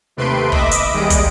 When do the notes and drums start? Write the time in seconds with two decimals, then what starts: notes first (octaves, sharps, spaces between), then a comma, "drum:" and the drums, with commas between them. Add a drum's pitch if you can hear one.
0.17 D#2 C3 A3 B4 C6 D7
0.52 D#5 E5 B5 D6, drum: kick
0.71 drum: hi-hat
0.92 D#2 G3 G#3 D#5 D7
1.10 drum: kick, hi-hat